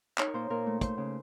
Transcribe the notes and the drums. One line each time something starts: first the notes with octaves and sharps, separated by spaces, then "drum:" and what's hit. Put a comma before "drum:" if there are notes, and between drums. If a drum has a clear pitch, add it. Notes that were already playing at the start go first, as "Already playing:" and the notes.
D#4 C#5, drum: clap
A#4
A#2 C5
A#2 A#4
A3
A3 C5, drum: kick, hi-hat
C#3